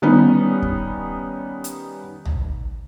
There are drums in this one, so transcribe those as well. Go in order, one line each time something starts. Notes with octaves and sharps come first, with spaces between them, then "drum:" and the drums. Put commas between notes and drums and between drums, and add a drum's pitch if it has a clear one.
D#3 G3 B3 C#4 D#4
drum: kick
drum: hi-hat
drum: tom